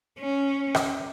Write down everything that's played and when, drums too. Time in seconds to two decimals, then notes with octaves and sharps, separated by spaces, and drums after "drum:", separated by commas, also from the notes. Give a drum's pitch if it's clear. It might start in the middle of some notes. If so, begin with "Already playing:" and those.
0.19 C#4
0.75 drum: rim click